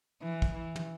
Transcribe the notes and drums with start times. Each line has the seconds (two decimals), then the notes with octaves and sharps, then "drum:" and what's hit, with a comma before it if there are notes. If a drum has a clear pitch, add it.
0.22 E3
0.42 drum: kick
0.54 E3
0.76 drum: tom